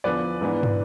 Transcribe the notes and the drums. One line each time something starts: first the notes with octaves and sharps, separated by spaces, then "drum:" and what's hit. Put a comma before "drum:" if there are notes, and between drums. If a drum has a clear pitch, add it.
E2 D3 F3 B3 B4 D5
G#2 E3 B3 D4
drum: tom